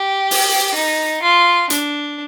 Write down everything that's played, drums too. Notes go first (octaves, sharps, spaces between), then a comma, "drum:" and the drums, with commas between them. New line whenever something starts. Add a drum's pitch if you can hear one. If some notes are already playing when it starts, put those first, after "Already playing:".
Already playing: G4
drum: open hi-hat
D#4
F4
D4, drum: hi-hat